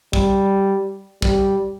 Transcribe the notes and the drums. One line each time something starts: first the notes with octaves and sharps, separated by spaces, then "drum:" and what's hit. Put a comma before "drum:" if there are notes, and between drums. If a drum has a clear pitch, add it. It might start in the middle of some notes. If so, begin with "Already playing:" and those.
G3, drum: kick
G3, drum: kick